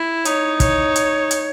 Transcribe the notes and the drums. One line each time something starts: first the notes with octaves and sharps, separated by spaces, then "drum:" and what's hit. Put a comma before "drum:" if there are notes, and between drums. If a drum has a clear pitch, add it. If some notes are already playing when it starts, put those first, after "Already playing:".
Already playing: E4
D#4 C#5, drum: hi-hat
C#5, drum: kick, hi-hat
drum: hi-hat
drum: hi-hat